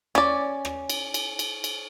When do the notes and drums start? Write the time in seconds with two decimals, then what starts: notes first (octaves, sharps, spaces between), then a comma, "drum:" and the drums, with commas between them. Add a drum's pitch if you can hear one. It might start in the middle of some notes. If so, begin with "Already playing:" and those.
0.15 C#4 D5, drum: rim click
0.65 drum: rim click
0.89 drum: cymbal
1.14 drum: cymbal
1.39 drum: cymbal
1.64 drum: cymbal